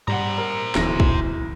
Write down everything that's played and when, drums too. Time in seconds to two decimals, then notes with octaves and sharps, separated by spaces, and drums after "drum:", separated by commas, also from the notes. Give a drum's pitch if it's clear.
0.08 G3 C5 F#5 A#5, drum: tom G2
0.38 A#4
0.75 D1 B1 E3 A#6, drum: snare
1.00 drum: kick